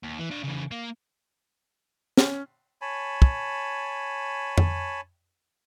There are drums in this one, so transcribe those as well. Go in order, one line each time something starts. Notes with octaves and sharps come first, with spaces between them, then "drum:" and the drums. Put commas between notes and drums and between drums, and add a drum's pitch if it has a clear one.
D#2
E3
D4 F5
C#3 E3
A#3
C#4, drum: snare
C#5 G#5 A5 B5
drum: kick
drum: tom F2